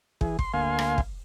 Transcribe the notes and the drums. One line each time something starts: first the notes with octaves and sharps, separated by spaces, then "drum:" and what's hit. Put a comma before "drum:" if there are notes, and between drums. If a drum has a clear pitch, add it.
E3 G#4, drum: kick
C6, drum: kick
D2 A#3 F5 G#5 C6
drum: rim click
drum: kick